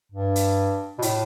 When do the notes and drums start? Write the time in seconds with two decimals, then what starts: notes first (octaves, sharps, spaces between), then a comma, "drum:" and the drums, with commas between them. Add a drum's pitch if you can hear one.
0.12 G2
0.36 drum: hi-hat
0.98 B2
1.02 A2, drum: hi-hat